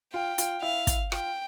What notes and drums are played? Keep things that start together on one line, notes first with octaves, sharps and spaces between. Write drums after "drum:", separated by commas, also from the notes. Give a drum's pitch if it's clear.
F4 G5
F4, drum: hi-hat
E4 F5
drum: kick, hi-hat
F4 G5, drum: rim click